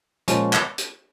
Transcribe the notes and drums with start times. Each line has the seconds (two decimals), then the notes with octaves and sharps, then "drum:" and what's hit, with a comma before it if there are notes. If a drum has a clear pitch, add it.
0.28 A#2 F3 G#3 C#4, drum: hi-hat
0.53 drum: clap
0.78 drum: hi-hat